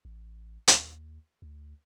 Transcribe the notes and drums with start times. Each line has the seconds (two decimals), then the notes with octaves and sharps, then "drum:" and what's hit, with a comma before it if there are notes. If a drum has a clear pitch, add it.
0.05 A1
0.68 D#2, drum: hi-hat
1.42 D2